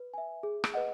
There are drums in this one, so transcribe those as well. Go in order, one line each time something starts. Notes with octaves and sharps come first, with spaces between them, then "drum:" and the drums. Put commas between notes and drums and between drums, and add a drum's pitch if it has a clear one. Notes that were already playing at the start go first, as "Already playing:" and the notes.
Already playing: B4
E5 G#5
G#4
drum: rim click
B4 D#5 F#5